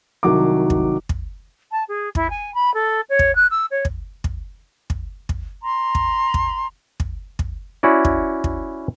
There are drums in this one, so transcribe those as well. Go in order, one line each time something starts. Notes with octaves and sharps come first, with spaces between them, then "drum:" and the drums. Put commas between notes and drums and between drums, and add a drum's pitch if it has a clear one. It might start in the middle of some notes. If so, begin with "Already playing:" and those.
C2 D#3 F#3 D6
drum: kick
drum: kick
A5
G#4
E4, drum: kick
G#5
B5
A4
C#5
drum: kick
F#6
E6
C#5
drum: kick
drum: kick
drum: kick
drum: kick
A#5 C6
drum: kick
drum: kick
drum: kick
drum: kick
C#4 E4 F#4 D5
drum: kick
drum: kick